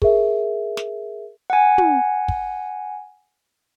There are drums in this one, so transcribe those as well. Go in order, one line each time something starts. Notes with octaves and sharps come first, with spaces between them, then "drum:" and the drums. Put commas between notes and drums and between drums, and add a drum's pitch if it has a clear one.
G#4 A#4 E5, drum: kick
drum: snare
F#5 G#5
drum: tom
drum: kick